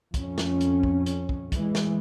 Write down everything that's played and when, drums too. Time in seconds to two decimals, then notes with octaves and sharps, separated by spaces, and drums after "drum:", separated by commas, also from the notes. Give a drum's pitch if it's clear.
0.14 F2 C#4, drum: kick, hi-hat
0.38 drum: snare
0.61 drum: hi-hat
0.83 drum: kick
1.06 drum: hi-hat
1.29 drum: kick
1.52 E3 G#3, drum: kick, hi-hat
1.75 drum: snare